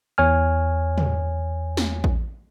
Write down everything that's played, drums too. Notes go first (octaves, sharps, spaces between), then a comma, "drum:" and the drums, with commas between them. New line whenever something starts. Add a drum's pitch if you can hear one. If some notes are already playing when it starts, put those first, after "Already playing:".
E2 C#5 G#5 F6
drum: tom
drum: snare
drum: kick A1